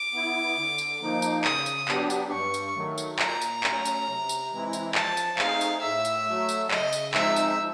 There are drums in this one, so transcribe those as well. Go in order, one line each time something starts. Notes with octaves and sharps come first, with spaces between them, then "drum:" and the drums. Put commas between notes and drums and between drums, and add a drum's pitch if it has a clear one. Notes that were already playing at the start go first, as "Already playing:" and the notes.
Already playing: D6
B3 E4
D3
drum: tambourine
F3 A#3 D#4
drum: tambourine
C#3 D#6, drum: clap
drum: tambourine
F#3 B3 D4 G4, drum: clap
drum: tambourine
G2 C#6
drum: tambourine
D#3 F#3 A3
drum: tambourine
A#2 A#5, drum: clap
drum: tambourine
F#3 A3 C#4, drum: clap
drum: tambourine
C3
drum: tambourine
E3 G#3 C4 E4
drum: tambourine
F3 A5, drum: clap
drum: tambourine
A3 C4 D#4 G#4 F5, drum: clap
drum: tambourine
A2 E5
drum: tambourine
F#3 A3
drum: tambourine
C#3 D#5, drum: clap
drum: tambourine
F3 G#3 C4 D#4 E5, drum: clap
drum: tambourine
F3